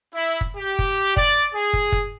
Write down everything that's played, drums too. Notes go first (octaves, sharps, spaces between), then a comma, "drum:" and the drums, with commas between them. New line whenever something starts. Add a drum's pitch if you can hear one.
E4
drum: kick
G4
drum: kick
D5, drum: kick
G#4
drum: kick
drum: kick